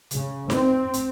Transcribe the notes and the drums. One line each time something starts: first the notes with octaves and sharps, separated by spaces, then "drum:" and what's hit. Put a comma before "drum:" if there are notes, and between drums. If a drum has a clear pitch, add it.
C#3, drum: hi-hat
C4, drum: snare D#4
drum: hi-hat